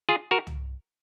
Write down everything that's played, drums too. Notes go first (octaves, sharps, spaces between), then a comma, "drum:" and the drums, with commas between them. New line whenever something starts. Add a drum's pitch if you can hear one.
F4 G#4
F#4 A#4
drum: tom